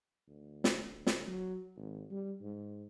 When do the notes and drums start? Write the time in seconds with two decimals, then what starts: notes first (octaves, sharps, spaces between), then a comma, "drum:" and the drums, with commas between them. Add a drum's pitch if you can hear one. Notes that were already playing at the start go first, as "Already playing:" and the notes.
0.28 D2
0.64 drum: snare
0.88 D2
1.07 drum: snare
1.27 F#3
1.76 G#1
2.10 G3
2.41 G#2